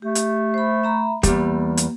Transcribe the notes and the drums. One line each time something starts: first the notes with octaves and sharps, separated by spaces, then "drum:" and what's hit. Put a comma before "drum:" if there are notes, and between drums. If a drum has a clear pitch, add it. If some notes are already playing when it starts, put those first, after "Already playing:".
A3 G4
drum: hi-hat
C5 B5
E5 A#5 B5
E2 G3 A#3, drum: kick, hi-hat
drum: hi-hat